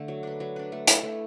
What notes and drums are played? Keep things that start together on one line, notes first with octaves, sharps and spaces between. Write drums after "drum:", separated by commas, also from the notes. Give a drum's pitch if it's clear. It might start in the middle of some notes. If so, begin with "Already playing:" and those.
Already playing: D3 A3
F#3
D4 B4
F#3
D4 B4
A3
E4 A4, drum: hi-hat
A3